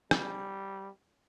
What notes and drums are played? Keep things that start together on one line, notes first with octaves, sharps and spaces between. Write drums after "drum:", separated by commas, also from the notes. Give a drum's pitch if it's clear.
G3, drum: rim click